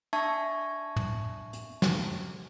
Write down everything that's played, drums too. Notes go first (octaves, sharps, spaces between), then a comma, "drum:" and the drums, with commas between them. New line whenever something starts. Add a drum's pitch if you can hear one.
D4 E5 A5 C#6 G#6
drum: tom
drum: hi-hat
drum: snare